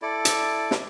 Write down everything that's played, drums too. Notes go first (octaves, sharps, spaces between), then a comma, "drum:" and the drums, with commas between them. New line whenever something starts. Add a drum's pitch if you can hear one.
E4 A4 D5
drum: hi-hat
drum: snare